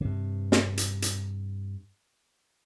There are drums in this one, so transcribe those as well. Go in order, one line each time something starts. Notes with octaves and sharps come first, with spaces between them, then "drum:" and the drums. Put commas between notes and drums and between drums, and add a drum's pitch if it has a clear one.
G2 C3
drum: snare
drum: hi-hat
drum: hi-hat